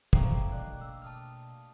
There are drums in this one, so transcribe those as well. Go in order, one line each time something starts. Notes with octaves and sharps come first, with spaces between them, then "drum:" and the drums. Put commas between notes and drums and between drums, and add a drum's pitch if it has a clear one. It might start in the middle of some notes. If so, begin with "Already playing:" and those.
F2 A3 A#3 A4 C5 G5 C7, drum: kick
B2 D4 D#5 F5 F#6
E6
A5 D#6 F6